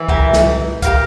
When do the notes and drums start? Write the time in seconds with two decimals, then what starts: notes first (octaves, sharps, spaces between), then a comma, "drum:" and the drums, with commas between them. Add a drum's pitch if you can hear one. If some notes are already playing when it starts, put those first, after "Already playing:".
Already playing: E3
0.08 G4 A#4 E5, drum: kick C2
0.33 drum: snare
0.82 G4 A#4 F5, drum: kick C2, hi-hat